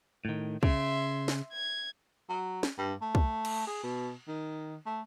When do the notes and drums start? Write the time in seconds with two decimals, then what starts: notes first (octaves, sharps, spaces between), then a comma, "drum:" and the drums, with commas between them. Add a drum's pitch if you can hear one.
0.25 A2 D#3
0.63 C#3 E5 C6, drum: kick
1.28 drum: snare
1.53 G#6
2.29 F#3
2.63 drum: snare
2.78 G2
3.02 A3
3.15 drum: kick
3.45 drum: cymbal
3.67 G#4
3.83 B2
4.28 D#3
4.86 A3